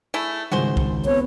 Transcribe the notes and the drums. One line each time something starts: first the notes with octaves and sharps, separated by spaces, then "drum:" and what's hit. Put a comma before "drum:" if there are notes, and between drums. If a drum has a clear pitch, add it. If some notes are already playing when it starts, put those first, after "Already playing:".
A3 E4 G#4
G#1 C#2 F#4 G#4 C5
drum: kick B1
B3 C4 C#5